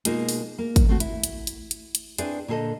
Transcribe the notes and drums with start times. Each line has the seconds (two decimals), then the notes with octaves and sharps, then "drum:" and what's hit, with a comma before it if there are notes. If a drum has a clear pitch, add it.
0.05 B2 G#3 A#3 D#4 F4 G#4, drum: hi-hat
0.29 drum: open hi-hat
0.58 A#3
0.76 drum: kick, hi-hat
0.89 A3 C4 F#4
1.00 E4, drum: hi-hat
1.24 drum: hi-hat
1.47 drum: hi-hat
1.71 drum: hi-hat
1.95 drum: hi-hat
2.18 C4 D4 E4 G#4 B4 D5, drum: hi-hat
2.48 A#2 D3 G#4 A4 C5 D#5